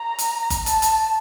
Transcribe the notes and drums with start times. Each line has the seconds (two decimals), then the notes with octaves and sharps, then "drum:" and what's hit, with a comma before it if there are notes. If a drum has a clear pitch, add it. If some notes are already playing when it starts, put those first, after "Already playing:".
Already playing: A#5
0.19 drum: hi-hat
0.50 drum: kick F#1, hi-hat
0.66 A5, drum: hi-hat
0.82 drum: hi-hat